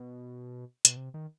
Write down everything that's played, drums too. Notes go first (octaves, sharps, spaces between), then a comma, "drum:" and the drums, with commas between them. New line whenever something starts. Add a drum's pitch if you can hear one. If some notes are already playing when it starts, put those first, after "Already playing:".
Already playing: B2
B2, drum: hi-hat
C3
D#3